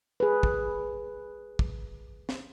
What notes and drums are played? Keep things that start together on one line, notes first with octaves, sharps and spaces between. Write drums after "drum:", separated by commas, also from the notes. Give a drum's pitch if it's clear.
G#4 B4
drum: kick
drum: kick
drum: snare